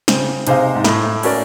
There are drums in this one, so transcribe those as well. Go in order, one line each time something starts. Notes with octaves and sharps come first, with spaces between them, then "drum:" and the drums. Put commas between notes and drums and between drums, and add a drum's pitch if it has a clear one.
C#3 C4, drum: snare
C3 D#4 G#4 C5 F5, drum: hi-hat
G#2
A2 A3, drum: snare
C#4 F#4 A#4 D5, drum: cymbal